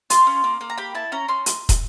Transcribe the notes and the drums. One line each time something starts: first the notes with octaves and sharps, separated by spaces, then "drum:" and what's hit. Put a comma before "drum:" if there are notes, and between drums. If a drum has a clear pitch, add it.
F4 C6, drum: hi-hat
C#4
A#3
A#3
A#5
G4 B5
E4 A5
C#4 A#5
C#4 C6
drum: hi-hat
drum: kick, hi-hat